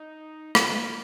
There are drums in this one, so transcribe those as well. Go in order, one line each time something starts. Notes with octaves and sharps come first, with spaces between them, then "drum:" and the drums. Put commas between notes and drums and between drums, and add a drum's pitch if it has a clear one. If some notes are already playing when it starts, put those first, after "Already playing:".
Already playing: D#4
drum: rim click
G#3
A#3